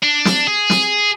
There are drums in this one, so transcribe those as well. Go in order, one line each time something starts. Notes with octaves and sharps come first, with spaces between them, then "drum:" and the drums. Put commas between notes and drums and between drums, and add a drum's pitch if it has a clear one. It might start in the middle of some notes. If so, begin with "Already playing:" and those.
D4
drum: snare
G#4
drum: snare